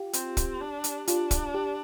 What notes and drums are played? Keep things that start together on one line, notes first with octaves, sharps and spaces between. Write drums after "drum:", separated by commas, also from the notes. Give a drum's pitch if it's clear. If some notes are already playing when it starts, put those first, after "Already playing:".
Already playing: F4 G4
C4, drum: hi-hat
drum: kick, hi-hat
D4
drum: hi-hat
D4 F4, drum: hi-hat
drum: kick, hi-hat
G4